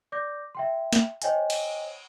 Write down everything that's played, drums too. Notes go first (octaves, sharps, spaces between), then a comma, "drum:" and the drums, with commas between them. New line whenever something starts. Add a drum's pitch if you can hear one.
D5 D6 G6 A#6
E5 G5 C6
drum: snare
C5 C#5 D#5 G5 G#5, drum: hi-hat
drum: cymbal